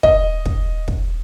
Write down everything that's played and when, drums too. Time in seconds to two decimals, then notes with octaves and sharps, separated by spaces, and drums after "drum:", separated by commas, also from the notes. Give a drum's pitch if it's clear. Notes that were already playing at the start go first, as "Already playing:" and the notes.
0.03 D#5, drum: kick
0.46 drum: kick
0.88 drum: kick